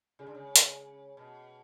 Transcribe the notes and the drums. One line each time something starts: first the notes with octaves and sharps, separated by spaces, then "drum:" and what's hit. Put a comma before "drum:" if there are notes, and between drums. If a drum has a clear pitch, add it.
C#3 G#4
D3
C#3
drum: hi-hat
B2